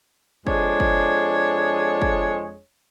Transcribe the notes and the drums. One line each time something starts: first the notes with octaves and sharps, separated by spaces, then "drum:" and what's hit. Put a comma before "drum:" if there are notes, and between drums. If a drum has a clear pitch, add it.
F2 G#3 D4 G#4 C#5, drum: kick
drum: kick
drum: kick